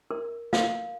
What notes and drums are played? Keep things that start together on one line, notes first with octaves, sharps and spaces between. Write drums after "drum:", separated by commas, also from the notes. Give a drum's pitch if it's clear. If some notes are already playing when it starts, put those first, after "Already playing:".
A#4
F5, drum: snare